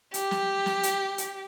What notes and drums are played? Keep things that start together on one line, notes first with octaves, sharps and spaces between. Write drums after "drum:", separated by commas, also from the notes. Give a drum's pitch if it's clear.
G4, drum: hi-hat
drum: snare
drum: snare
drum: hi-hat
drum: hi-hat